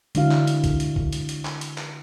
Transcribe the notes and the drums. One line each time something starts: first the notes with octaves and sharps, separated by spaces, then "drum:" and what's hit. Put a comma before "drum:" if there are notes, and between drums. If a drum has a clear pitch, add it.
D3 G#3 D4 E4 F#4 F5, drum: hi-hat
drum: clap
drum: hi-hat
drum: kick B1, hi-hat
drum: hi-hat
drum: kick B1
drum: hi-hat
drum: hi-hat
drum: clap
drum: hi-hat
drum: clap